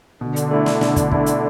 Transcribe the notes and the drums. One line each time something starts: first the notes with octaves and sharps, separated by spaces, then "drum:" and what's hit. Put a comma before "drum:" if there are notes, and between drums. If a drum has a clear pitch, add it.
B2 D3
drum: hi-hat
A3 E4
drum: snare
B2, drum: snare
drum: kick, hi-hat
A3 E4, drum: kick
drum: hi-hat